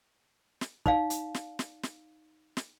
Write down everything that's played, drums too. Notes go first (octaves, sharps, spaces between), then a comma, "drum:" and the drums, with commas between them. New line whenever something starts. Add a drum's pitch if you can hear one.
drum: snare
D#4 D5 F5, drum: kick
drum: hi-hat
drum: snare
drum: snare
drum: snare
drum: snare